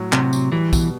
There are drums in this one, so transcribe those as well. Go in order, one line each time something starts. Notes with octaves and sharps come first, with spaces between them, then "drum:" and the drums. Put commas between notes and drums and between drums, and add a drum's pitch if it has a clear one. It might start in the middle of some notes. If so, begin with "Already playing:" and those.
Already playing: A2 F#3
C3 F#3, drum: clap
F#3, drum: tambourine
E3 G3
B2, drum: kick, tambourine